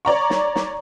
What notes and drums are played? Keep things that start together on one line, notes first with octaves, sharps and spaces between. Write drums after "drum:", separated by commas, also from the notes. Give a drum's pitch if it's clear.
C#5 D5 A#5 C#6
drum: snare
drum: snare